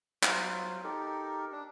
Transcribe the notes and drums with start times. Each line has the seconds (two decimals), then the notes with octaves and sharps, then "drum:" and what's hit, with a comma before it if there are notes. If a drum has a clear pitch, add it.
0.23 F#3 F4 C5, drum: clap
0.84 D#4 G4 A4 A#4
1.52 D4